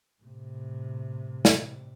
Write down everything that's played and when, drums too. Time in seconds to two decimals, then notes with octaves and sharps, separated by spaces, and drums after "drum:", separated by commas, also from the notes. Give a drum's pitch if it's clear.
0.23 A2 C3
1.45 drum: snare